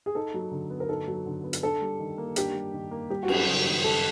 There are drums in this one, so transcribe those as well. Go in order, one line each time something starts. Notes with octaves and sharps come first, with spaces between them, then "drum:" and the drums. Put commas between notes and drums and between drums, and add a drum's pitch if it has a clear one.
G#4
D#4 A4
F#3
D3
B3
A#4
D#4 A4
F#3
D3
B3
drum: hi-hat
D4 A4
G3
D#3
A#3
D4 G4, drum: hi-hat
G3
D#3
A#3
G3 G4
F#4
F#2, drum: cymbal
A4
F#1
D#3
G3 A4